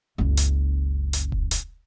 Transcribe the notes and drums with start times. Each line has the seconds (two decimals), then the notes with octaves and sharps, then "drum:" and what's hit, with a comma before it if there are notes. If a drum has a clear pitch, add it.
0.18 F#1 C#2
0.37 drum: hi-hat
1.13 drum: hi-hat
1.32 drum: kick D#1
1.51 drum: hi-hat